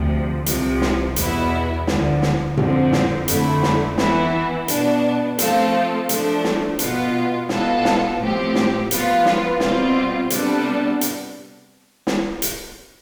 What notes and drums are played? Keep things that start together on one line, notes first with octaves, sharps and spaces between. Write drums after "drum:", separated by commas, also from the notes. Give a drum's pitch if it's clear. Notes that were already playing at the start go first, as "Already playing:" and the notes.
Already playing: D2 C3 F3
C2 C3 F3, drum: hi-hat
drum: snare
E2 B2 B3 E4, drum: hi-hat
D2 D3 F3, drum: snare
drum: snare
F2 D3 F3 C4, drum: tom A2
drum: snare
F2 D3 A3 E4, drum: hi-hat
drum: snare
E3 B3 E4, drum: snare
B2 B3 D4, drum: hi-hat
F3 A3 C4 F4 A4, drum: hi-hat
F3 A3 D4, drum: hi-hat
drum: snare
B2 B3 F4, drum: hi-hat
B2 B3 F4 A4, drum: snare
drum: snare
A2 F3 C4 G4
drum: snare
F3 B3 F4 B4, drum: hi-hat
drum: snare
B2 G3 C4 F4, drum: snare
C3 G3 B3 D4 A4, drum: hi-hat
drum: hi-hat
drum: snare
drum: hi-hat